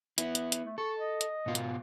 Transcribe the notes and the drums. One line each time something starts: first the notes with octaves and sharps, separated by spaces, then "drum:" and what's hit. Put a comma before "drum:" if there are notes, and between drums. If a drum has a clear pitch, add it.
B3 E4, drum: hi-hat
drum: hi-hat
drum: hi-hat
A3
A4 C#6
D#5
drum: hi-hat
G#2 B2 F4
drum: hi-hat